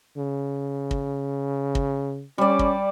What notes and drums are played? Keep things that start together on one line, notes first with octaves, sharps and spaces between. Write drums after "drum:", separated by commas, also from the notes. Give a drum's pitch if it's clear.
C#3
drum: kick
drum: kick
G3 C#4 D5
drum: kick